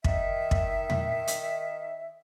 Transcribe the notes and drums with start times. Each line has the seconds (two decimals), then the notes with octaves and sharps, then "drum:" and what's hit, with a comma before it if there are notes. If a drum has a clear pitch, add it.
0.04 D#3 E5, drum: kick
0.51 drum: kick
0.90 drum: tom
1.27 drum: hi-hat